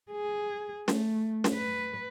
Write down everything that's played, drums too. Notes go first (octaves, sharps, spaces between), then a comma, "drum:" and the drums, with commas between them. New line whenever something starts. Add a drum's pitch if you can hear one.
G#4
A3, drum: snare
drum: snare
B4